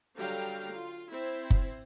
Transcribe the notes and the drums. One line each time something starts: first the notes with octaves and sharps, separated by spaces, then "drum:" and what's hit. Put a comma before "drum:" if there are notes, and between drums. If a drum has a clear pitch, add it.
D3 F#3 G3 F5 G5 A#5
F4
C4 E4 C5
drum: kick F#1